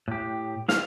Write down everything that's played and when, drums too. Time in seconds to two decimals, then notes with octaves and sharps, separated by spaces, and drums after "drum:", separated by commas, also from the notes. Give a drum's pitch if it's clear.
0.08 A2 G4
0.68 E4 F5, drum: snare